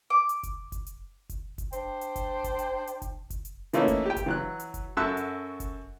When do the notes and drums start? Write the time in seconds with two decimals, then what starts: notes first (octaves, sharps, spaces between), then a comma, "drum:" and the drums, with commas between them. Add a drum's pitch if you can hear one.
0.10 D6
0.29 drum: hi-hat
0.43 drum: kick F#1, hi-hat
0.72 drum: kick F#1, hi-hat
0.86 drum: hi-hat
1.30 drum: kick F#1, hi-hat
1.58 drum: kick F#1, hi-hat
1.73 D4 C5 G5, drum: hi-hat
2.01 drum: hi-hat
2.16 drum: kick F#1, hi-hat
2.44 drum: kick F#1, hi-hat
2.59 drum: hi-hat
2.87 drum: hi-hat
3.02 drum: kick F#1, hi-hat
3.30 drum: kick F#1, hi-hat
3.45 drum: hi-hat
3.73 E3 A3 A#3 C#4 D#4 E4, drum: hi-hat
3.88 drum: kick F#1, hi-hat
4.06 G4 G5
4.17 drum: kick F#1, hi-hat
4.26 E3 F#3 F#6
4.60 drum: hi-hat
4.74 drum: kick F#1, hi-hat
4.97 F#2 F#4 A4 E5 E6 F#6
5.17 drum: hi-hat
5.60 drum: kick F#1, hi-hat